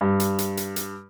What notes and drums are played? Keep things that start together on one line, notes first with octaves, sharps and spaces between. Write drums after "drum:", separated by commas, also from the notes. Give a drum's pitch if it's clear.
G2
drum: hi-hat
drum: hi-hat
drum: hi-hat
drum: hi-hat